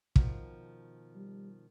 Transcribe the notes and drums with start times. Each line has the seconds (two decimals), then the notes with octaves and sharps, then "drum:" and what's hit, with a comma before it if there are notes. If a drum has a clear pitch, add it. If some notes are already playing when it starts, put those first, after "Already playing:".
0.16 B2 D#3 F3, drum: kick
1.15 G3